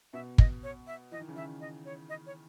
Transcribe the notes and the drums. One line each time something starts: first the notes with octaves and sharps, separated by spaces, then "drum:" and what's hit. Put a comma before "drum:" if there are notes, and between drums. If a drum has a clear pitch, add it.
B2 E5
D#5, drum: kick
C#5
E5
E3 D#5
D#3
C#3
D#3 E5
D#5
C#5
D#5
C#5